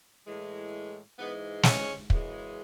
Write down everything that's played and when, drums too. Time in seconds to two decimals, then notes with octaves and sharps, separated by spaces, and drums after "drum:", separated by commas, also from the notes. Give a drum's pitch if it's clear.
0.26 A2 E3 G#3
1.18 G#2 E3 G#3 B3
1.63 C#4, drum: snare
2.10 F#2 C#3 E3 G#3, drum: kick